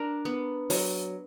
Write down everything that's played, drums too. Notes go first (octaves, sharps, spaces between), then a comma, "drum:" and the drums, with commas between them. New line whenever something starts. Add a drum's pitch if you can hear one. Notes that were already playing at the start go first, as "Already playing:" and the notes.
Already playing: D4 A#4
B3
F#3, drum: open hi-hat